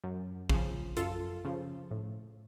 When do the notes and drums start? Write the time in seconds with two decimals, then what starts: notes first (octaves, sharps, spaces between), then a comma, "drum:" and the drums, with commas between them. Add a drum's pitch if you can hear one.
0.04 F#2
0.50 C#3 F3, drum: kick
0.97 F#2 F4 A4, drum: hi-hat
1.45 C#3 F3
1.91 A2